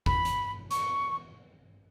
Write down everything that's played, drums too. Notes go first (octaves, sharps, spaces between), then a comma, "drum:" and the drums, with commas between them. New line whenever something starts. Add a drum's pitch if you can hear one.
B5, drum: kick G1
drum: hi-hat
C#6, drum: hi-hat